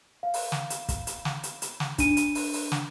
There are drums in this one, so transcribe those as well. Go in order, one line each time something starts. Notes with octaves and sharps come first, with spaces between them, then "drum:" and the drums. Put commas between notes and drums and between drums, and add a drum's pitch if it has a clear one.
F5
drum: open hi-hat
drum: snare
drum: hi-hat
drum: kick, hi-hat
drum: hi-hat
drum: snare
drum: hi-hat
drum: hi-hat
drum: snare
D4 D#7, drum: kick, hi-hat
drum: hi-hat
drum: open hi-hat
drum: open hi-hat
drum: snare